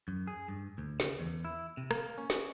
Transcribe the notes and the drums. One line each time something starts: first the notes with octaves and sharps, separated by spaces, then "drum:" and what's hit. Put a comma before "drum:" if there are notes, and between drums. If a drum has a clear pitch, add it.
F#2
G#4
G2
D2
C#3, drum: snare
E2
E4
C3
A#3, drum: rim click
C#4
drum: snare